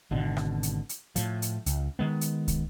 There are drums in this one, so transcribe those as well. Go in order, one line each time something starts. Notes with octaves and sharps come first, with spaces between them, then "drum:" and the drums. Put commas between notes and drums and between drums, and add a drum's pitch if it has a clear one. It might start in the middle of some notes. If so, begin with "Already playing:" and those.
G#1 B2 D3
drum: rim click
drum: hi-hat
drum: hi-hat
A2 F3, drum: hi-hat
drum: hi-hat
C#2, drum: hi-hat
D#3 G#3 B3
drum: hi-hat
drum: kick, hi-hat